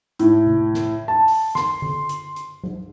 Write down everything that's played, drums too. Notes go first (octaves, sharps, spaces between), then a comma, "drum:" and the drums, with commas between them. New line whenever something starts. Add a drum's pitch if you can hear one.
A2, drum: hi-hat
drum: tom C3
drum: snare
A5
drum: open hi-hat
C6, drum: snare
drum: tom D3
drum: hi-hat
drum: hi-hat
drum: tom F#3